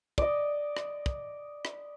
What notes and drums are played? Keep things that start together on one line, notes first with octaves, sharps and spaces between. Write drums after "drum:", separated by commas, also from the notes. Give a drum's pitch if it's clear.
D5 D#5, drum: kick
drum: rim click
drum: kick
drum: rim click